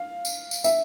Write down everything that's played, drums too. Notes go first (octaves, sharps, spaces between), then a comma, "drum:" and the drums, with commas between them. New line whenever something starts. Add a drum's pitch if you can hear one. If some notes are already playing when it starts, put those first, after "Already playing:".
Already playing: F5
drum: tambourine
drum: tambourine
E5, drum: tambourine